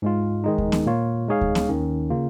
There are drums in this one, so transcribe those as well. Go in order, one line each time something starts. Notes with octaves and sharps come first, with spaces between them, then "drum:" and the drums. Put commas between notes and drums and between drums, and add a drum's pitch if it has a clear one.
G#2 G#3 F4
D#3 G#3 D#4
drum: kick D2
drum: snare B3
A#2 A#3 F4 C#5
G#3 D#4 G#4 C#5 F5
drum: kick D2
drum: snare B3
D#2 D#3 C#4
C#3 A#3 F4